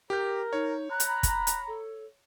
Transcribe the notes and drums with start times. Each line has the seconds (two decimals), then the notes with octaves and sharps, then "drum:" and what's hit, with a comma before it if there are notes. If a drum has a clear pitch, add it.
0.10 G4 A#4 G6
0.53 D#4 C#5
0.90 A#5 B5 F#6
1.00 drum: hi-hat
1.23 drum: kick, hi-hat
1.47 drum: hi-hat
1.67 A4